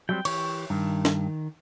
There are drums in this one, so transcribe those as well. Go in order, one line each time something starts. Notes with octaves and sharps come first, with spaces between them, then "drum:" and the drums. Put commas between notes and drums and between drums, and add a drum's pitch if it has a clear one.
F#3 G3 C4 G5
E3 G4 C#5, drum: cymbal
G2 D#3
drum: snare